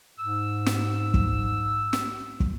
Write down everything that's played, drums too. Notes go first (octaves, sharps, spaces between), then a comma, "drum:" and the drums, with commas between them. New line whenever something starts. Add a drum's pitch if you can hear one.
G#2 E6
drum: snare
drum: kick
drum: snare
drum: kick